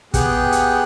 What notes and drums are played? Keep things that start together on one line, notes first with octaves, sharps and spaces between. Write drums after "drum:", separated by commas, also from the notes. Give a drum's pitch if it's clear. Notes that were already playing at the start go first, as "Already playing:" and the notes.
B3 G4 G#4 G5 F#6, drum: kick, hi-hat
drum: hi-hat